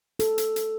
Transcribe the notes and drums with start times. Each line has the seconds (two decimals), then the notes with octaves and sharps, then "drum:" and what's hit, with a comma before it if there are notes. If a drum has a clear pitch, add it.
0.19 A4, drum: hi-hat
0.38 drum: hi-hat
0.56 drum: hi-hat